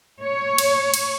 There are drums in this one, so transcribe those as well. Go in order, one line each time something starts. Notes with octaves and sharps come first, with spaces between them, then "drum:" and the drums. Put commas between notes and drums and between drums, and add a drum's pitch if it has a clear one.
C#5
drum: cymbal
drum: cymbal